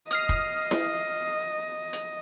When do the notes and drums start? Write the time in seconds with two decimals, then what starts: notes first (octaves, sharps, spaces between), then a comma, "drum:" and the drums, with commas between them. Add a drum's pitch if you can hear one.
0.11 D#5 D#6 F6 C7, drum: hi-hat
0.29 drum: kick
0.71 drum: snare E4
1.93 drum: hi-hat